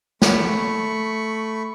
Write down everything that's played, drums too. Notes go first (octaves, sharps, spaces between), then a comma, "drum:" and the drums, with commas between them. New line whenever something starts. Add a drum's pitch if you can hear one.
A3 B5 C#6, drum: snare